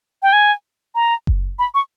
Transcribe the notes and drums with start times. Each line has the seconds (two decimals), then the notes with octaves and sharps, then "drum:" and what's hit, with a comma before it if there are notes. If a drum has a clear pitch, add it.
0.23 G5
0.33 G#5
0.95 A#5
1.27 drum: kick F#1
1.59 B5
1.75 C#6